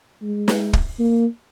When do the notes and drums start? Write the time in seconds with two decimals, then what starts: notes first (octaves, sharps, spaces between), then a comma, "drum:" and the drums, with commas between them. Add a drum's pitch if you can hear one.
0.22 G#3
0.48 drum: snare
0.73 drum: kick
0.99 A#3